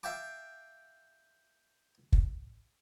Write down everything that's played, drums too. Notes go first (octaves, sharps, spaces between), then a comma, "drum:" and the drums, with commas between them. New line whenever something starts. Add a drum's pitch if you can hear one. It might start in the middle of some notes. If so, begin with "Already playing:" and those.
E5 F5 G5 A5 D6
drum: kick